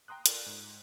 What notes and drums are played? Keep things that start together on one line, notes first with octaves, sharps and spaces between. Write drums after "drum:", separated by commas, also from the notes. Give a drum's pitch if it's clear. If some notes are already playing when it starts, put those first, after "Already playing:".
G5 A#5 C6 D#6 F#6
F4 A4 A#4 D5, drum: hi-hat
G#2